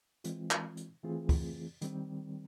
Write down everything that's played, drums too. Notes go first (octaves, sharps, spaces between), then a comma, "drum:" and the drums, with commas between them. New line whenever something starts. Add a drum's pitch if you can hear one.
E3 G#3 C4 F4, drum: hi-hat
drum: clap
drum: hi-hat
E3 A3 C4 F4 G#4
drum: kick, open hi-hat
D#3 G3 C4, drum: hi-hat